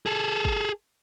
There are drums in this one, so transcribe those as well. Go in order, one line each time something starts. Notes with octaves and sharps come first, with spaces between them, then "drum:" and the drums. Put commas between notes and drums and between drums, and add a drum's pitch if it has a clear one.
G#4 A4
drum: kick